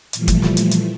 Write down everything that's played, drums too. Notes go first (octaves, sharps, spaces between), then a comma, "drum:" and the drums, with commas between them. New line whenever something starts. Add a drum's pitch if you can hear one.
A#2 E3 F3 G3 A3, drum: hi-hat
drum: kick, hi-hat
drum: snare
drum: hi-hat
drum: hi-hat